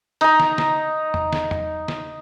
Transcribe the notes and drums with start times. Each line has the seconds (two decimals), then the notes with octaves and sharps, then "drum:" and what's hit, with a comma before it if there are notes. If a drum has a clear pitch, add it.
0.21 D#4 A#5, drum: hi-hat
0.40 drum: snare
0.58 drum: snare
1.14 drum: tom E2
1.33 drum: snare
1.51 drum: tom E2
1.88 drum: snare